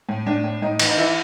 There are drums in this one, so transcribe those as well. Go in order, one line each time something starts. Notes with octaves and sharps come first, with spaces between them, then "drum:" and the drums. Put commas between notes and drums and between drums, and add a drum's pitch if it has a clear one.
A2
A2 D4
A2
A2 D#4
E3, drum: cymbal
D#4
E3 E4